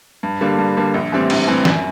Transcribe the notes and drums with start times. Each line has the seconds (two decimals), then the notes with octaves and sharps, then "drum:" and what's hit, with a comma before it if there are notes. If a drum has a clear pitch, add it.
0.23 G2
0.41 D3 G3 A#3
0.58 G2
0.77 D3 G3 A#3
0.94 A#1
1.12 A2 E3 G3 C4
1.30 A#1, drum: cymbal
1.48 A2 E3 G3 C4
1.65 F#2, drum: snare